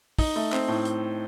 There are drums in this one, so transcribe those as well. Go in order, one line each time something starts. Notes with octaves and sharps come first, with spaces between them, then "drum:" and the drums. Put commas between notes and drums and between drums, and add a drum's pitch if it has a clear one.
D#4, drum: kick, open hi-hat
A3
C4, drum: clap
A2
drum: hi-hat